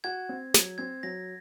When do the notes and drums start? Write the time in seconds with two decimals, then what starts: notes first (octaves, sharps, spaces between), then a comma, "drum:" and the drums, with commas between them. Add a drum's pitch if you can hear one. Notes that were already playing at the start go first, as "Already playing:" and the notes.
0.04 F#4 G#6
0.29 C4
0.54 F#3, drum: snare
0.78 C4 G#6
1.03 F#3 A#6